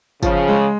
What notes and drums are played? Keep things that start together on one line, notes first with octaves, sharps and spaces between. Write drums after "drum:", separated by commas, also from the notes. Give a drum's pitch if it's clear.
C#3 F3, drum: kick, tambourine
G#3